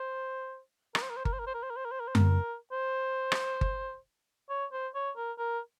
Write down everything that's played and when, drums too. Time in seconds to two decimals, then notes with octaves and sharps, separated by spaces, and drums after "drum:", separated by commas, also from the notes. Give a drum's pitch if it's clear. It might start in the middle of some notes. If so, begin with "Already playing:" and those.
Already playing: C5
0.95 A#4, drum: rim click
1.02 C5
1.10 A#4
1.17 C5
1.25 A#4, drum: kick G1
1.33 C5
1.39 A#4
1.47 C5
1.54 A#4
1.63 C5
1.70 A#4
1.77 C5
1.85 A#4
1.92 C5
2.00 A#4
2.08 C5
2.15 A#4, drum: tom F#2
2.72 C5
3.32 drum: rim click
3.61 drum: kick G1
4.50 C#5
4.72 C5
4.95 C#5
5.17 A#4
5.39 A#4